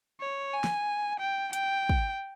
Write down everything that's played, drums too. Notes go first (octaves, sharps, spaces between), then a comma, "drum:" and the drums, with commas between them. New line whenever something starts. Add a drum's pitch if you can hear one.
C#5
G#5
drum: snare
G5
G5, drum: hi-hat
drum: kick